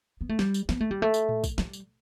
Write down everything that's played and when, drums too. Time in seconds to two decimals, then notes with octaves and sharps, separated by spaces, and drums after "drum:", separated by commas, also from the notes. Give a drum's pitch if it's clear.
0.21 B3
0.29 A3
0.39 G3, drum: snare
0.54 drum: tambourine
0.69 B3, drum: snare
0.80 A3
0.91 G3
1.02 A3
1.14 drum: tambourine
1.29 drum: tom A2
1.44 drum: kick, tambourine
1.58 G3, drum: snare
1.73 drum: tambourine